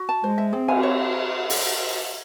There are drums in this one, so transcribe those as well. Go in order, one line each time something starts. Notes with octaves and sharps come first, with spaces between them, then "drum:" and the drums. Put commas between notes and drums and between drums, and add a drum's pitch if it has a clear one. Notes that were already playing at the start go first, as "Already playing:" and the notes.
Already playing: F#4
A5
G#3 C5
E5
C4 G#4
G#5, drum: cymbal
C#5
drum: open hi-hat